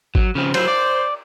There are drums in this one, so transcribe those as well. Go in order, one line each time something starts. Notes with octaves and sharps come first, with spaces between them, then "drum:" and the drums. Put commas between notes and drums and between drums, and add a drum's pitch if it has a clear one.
F#3, drum: kick G#1
C#3 F3 C4
F#3 E4 C5, drum: cymbal
D5